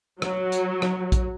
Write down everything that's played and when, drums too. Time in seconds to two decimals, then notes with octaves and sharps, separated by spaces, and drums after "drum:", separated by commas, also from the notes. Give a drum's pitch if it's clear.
0.22 F#3, drum: rim click
0.52 drum: hi-hat
0.82 drum: rim click
1.12 drum: kick A#1, hi-hat